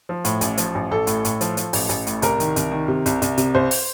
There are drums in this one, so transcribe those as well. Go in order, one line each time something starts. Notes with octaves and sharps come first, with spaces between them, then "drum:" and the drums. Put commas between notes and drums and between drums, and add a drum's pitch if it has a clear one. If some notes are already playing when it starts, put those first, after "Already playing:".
F3
A2, drum: hi-hat
A1, drum: hi-hat
F3, drum: hi-hat
A1
A1 A4
A2, drum: hi-hat
A2, drum: hi-hat
F3, drum: hi-hat
F3, drum: hi-hat
A1, drum: open hi-hat
A1, drum: hi-hat
A2, drum: hi-hat
C2 A#4, drum: hi-hat
D#3, drum: hi-hat
C2, drum: hi-hat
D#3
C3
C2, drum: hi-hat
C2, drum: hi-hat
C3, drum: hi-hat
C2 C5
drum: open hi-hat